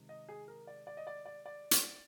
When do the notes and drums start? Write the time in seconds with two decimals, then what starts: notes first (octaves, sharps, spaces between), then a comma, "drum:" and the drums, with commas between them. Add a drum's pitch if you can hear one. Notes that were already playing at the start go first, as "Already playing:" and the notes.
Already playing: C3 D#3 G#3
0.09 D#5
0.29 G#4
0.48 A#4
0.67 D5
0.87 D5
0.97 D#5
1.07 D5
1.26 D5
1.46 D5
1.71 drum: hi-hat